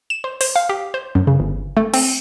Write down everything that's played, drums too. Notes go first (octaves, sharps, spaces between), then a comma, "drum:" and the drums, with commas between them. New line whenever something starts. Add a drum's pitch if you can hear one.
E7
C5
C5, drum: open hi-hat
F5
G4
C5
F#2
C#3
G1
A3
C4, drum: cymbal